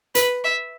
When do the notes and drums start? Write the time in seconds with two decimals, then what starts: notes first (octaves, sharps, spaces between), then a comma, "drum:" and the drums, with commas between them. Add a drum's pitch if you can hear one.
0.15 B4, drum: hi-hat
0.44 E5